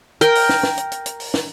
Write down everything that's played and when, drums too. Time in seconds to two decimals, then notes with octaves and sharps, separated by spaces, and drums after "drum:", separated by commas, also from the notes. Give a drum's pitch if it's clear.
0.21 A#4 G5, drum: hi-hat
0.35 drum: open hi-hat
0.49 drum: snare
0.63 drum: snare
0.78 drum: hi-hat
0.92 drum: hi-hat
1.06 drum: hi-hat
1.20 drum: open hi-hat
1.34 drum: snare